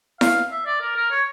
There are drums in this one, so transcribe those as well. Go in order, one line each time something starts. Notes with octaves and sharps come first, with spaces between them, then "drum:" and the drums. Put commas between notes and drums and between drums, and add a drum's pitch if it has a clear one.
F5, drum: snare E4
E5
D5
A#4
A#4
C#5